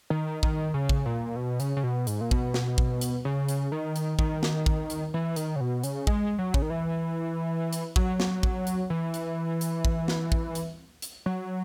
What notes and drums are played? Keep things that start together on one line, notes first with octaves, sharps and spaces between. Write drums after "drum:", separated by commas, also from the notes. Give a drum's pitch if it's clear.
D#3
D#3, drum: kick
C#3
drum: kick
A#2
B2
C#3, drum: hi-hat
C#3
B2
G#2, drum: hi-hat
A#2
B2, drum: kick
drum: snare
drum: kick
drum: hi-hat
C#3
drum: hi-hat
D#3
drum: hi-hat
D#3, drum: kick
drum: snare
drum: kick
drum: hi-hat
E3
D#3, drum: hi-hat
C#3
B2
C#3, drum: hi-hat
G#3, drum: kick
F#3
C#3, drum: kick
D#3
E3
drum: hi-hat
F#3, drum: kick
drum: snare
drum: kick
drum: hi-hat
E3
drum: hi-hat
drum: hi-hat
drum: kick
drum: snare
drum: kick
drum: hi-hat
drum: hi-hat
F#3